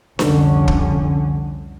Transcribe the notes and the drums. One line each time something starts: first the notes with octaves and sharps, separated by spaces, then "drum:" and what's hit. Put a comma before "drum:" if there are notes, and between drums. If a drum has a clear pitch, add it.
C2 F2 D3 C#4, drum: snare D4
drum: kick